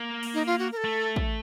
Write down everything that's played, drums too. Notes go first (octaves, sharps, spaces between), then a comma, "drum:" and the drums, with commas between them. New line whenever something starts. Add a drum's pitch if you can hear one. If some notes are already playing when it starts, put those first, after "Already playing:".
Already playing: A#3
drum: cymbal
D#4
F4
F#4
A#4
A4
A3
drum: kick